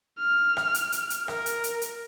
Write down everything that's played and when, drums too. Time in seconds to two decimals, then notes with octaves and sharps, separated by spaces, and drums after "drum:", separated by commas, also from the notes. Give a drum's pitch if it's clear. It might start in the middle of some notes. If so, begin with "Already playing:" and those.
0.19 F6
0.57 drum: rim click
0.74 drum: hi-hat
0.92 drum: hi-hat
1.10 drum: hi-hat
1.28 A#4, drum: rim click
1.46 drum: hi-hat
1.64 drum: hi-hat
1.82 drum: hi-hat